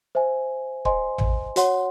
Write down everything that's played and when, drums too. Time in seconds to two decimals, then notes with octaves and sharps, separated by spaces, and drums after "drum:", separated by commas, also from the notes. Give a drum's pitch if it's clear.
0.15 C5 E5 G#5
0.85 C5 D#5 G#5 C6, drum: kick
1.18 drum: tom A1
1.56 F#4 C#5 F#5 C6, drum: hi-hat